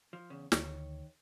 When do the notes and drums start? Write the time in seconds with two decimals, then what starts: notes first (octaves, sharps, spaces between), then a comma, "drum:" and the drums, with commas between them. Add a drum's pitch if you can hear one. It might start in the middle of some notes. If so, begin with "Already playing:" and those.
0.13 F3
0.30 E2 C#3
0.52 D2 D#3 C#5, drum: snare